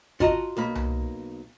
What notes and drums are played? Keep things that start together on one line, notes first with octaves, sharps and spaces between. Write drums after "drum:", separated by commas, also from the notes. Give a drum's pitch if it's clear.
F4 F#4 D#5 A5 A#5, drum: kick
B1 A#3 B5
drum: tom C2